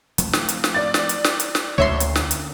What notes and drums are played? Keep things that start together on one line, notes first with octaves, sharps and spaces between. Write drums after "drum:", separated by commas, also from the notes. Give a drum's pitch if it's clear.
F3 A3 C4, drum: hi-hat
drum: snare
drum: hi-hat
drum: snare
D5 A6
drum: snare
drum: hi-hat
drum: snare
drum: hi-hat
drum: snare
D2 D3 A#3 C#4 C#5 E5 C6
drum: hi-hat
drum: snare
drum: hi-hat